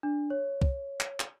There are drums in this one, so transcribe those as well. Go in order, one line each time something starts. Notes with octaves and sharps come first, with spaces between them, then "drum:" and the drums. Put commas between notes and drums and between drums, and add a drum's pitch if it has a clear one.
D4
C#5
drum: kick
drum: clap
drum: clap